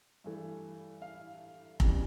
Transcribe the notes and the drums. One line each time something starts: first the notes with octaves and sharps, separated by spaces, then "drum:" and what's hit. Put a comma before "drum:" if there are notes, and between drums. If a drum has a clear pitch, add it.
G2 E3 A3
F5
F2 C#3 E3 G3 B3 G5, drum: kick F1